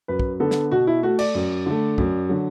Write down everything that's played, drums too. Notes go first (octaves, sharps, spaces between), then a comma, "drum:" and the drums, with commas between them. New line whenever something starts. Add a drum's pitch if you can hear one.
F#2 B4
drum: kick
D3 B3 A4
drum: snare
B2 F#4
E4
A3 F#4
D5, drum: cymbal
F#2
D3 A3
F#2, drum: kick
D3 F#3